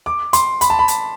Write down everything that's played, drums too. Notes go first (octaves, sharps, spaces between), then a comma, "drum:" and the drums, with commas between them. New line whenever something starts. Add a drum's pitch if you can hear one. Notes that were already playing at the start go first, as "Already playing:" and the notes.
D6
C6, drum: hi-hat
B5, drum: hi-hat
A5
B5
drum: hi-hat